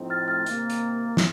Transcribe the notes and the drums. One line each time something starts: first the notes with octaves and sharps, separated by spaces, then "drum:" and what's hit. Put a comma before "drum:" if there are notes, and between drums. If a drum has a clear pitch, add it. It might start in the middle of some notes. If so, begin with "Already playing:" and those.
Already playing: A2 F3 A3 C4 D#4
F6 A6
F6 A6
C3 D#3 A#3, drum: hi-hat
drum: hi-hat
drum: snare